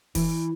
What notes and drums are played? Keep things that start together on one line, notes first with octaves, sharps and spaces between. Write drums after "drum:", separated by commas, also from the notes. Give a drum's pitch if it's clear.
E3, drum: kick, open hi-hat